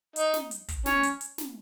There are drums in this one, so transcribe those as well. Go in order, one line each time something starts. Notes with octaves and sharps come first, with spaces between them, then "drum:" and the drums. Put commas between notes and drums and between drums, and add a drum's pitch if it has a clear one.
D#4, drum: hi-hat
drum: snare
drum: hi-hat
drum: kick, hi-hat
C#4, drum: snare
drum: hi-hat
drum: hi-hat
drum: snare